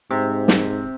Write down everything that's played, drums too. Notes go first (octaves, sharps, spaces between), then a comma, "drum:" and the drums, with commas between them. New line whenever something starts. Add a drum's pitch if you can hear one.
G#2 C3
drum: snare